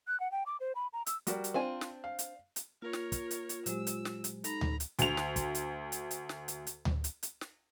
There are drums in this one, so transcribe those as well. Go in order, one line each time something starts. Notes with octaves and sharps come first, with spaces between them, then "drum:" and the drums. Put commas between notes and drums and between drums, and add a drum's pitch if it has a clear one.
F#6
F#5
G5
D6
C5
B5
A#5
E6, drum: hi-hat
G3 F#4 A#4, drum: hi-hat
drum: hi-hat
C4 D4 F4 G#5
drum: snare
F5
drum: hi-hat
drum: hi-hat
A#3 F4 A#4 C#5
drum: snare
drum: kick, hi-hat
drum: hi-hat
drum: hi-hat
A#2 F#3 G#3 G4 C5 E6, drum: hi-hat
drum: hi-hat
drum: snare
drum: hi-hat
D#4 A4 A#5 B5, drum: hi-hat
drum: tom D2
drum: hi-hat
D2 F7, drum: hi-hat
drum: snare
drum: kick, hi-hat
drum: hi-hat
drum: hi-hat
drum: hi-hat
drum: snare
drum: hi-hat
drum: hi-hat
drum: tom D2
drum: hi-hat
drum: hi-hat
drum: snare